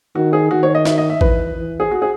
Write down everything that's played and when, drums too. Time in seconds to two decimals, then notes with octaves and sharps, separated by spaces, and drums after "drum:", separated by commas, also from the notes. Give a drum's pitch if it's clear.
0.15 D#3 F#4
0.33 G#4
0.51 D#3 F#4
0.63 C#5
0.75 D#5
0.85 E5, drum: snare
0.98 D#5
1.10 E5
1.21 E3 B4, drum: kick A1
1.56 E3
1.80 G#4
1.91 F#4
2.02 G#4